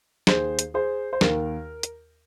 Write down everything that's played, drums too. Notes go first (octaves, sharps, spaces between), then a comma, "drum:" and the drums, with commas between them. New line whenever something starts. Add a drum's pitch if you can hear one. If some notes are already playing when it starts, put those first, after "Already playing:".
D#2 D#3 G#4 C5, drum: snare
drum: hi-hat
G#4 C5
C5
D#2 D#3 A#4, drum: snare
drum: hi-hat